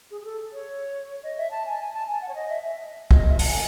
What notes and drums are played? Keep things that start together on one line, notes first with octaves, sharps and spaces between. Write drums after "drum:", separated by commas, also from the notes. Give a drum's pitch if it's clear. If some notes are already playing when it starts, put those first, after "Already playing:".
G#4
G#4
A4
C#5
D#5
E5
A5
G#5
G#5
A5
G#5
F#5
C#5
D#5
E5
E5
D#5, drum: kick
E5
A5, drum: open hi-hat
G#5